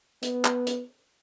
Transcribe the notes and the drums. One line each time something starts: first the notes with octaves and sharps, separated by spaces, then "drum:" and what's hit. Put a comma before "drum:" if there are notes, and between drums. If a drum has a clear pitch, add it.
B3, drum: hi-hat
drum: clap
drum: hi-hat